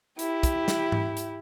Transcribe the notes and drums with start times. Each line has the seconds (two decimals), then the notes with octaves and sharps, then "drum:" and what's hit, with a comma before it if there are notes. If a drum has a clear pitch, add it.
0.19 E4 G4, drum: hi-hat
0.43 drum: kick, hi-hat
0.68 drum: snare
0.92 drum: tom G#2
1.17 drum: hi-hat